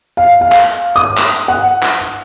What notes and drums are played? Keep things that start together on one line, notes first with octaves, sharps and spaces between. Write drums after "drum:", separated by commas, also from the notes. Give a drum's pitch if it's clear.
F5
F5
drum: clap
D#6
drum: clap
F#5
drum: clap